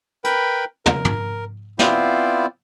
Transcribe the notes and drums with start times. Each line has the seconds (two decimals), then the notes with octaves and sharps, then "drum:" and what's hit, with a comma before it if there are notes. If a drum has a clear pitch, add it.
0.24 A#4 B4 G5 B5, drum: hi-hat
0.86 A#4, drum: tom
1.05 drum: tom
1.79 B3 C4 E4 F4 C5 D5, drum: snare